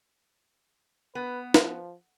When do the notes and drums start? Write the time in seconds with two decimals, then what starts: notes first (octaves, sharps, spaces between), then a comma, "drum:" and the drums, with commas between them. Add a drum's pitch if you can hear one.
1.15 B3 B4
1.54 F3, drum: snare